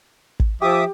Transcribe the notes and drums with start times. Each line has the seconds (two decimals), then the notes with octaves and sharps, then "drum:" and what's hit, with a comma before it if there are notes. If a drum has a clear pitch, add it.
0.40 drum: kick
0.62 F3 G4 E5 D6 D#6